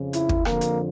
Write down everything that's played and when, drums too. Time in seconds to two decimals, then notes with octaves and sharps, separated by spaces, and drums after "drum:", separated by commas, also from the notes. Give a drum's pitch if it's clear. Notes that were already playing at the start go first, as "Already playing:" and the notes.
Already playing: F2 C#3 F3
0.13 E4, drum: hi-hat
0.29 drum: kick
0.45 F2 D3 F3 A#3, drum: rim click
0.61 drum: hi-hat